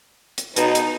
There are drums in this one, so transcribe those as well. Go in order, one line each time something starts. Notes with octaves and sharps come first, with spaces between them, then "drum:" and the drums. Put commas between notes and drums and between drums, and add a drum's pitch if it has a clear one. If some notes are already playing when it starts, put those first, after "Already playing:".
drum: hi-hat
B2 D#4, drum: hi-hat
drum: hi-hat